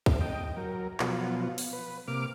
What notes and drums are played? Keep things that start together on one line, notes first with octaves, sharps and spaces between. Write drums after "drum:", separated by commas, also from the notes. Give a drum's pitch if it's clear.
drum: kick
D#5 G5
F#3 A#4
B2 F3 F#3 B3 F4, drum: clap
drum: open hi-hat
B4
C3 A#3 D6 F6